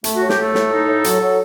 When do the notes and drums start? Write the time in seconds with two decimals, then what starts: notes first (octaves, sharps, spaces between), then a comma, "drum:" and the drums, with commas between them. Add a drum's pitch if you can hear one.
0.04 A3, drum: hi-hat
0.16 A2 F#4
0.29 G4, drum: snare
0.37 A3 A4
0.55 A2, drum: snare
0.71 D#4
0.87 A2
1.04 F#3, drum: hi-hat
1.21 F#3